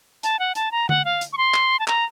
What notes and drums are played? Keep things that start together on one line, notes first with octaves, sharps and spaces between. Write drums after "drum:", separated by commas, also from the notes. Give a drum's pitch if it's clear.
A5, drum: hi-hat
F#5
A5, drum: hi-hat
A#5
F#5, drum: tom D3
F5
drum: hi-hat
C#6
C6
drum: clap
A5
A#5, drum: clap